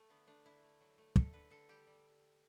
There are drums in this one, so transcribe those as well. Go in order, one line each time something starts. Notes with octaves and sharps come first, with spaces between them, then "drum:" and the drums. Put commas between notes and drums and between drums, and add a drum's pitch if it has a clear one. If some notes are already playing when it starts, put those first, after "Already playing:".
Already playing: A3
D3 B3
A3 D4
D3 E4
A3
F#3
A3
D3 A4, drum: kick
D3 B4
D3 A4
G3 G4
G3